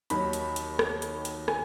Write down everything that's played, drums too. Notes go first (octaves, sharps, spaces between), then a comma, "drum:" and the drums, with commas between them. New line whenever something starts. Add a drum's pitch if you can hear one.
D#2 D#3 F#3 B5, drum: hi-hat
drum: hi-hat
drum: hi-hat
drum: rim click
drum: hi-hat
drum: hi-hat
G#5, drum: rim click